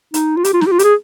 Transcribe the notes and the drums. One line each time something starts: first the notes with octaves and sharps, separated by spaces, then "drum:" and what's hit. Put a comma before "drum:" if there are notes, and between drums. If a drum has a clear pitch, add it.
D#4, drum: hi-hat
F4
G4, drum: hi-hat
F4
D#4, drum: snare
G4
F4
G4, drum: hi-hat
G#4